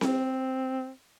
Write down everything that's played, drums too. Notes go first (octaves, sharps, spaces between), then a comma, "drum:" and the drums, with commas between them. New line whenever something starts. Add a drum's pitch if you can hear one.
C4, drum: snare C4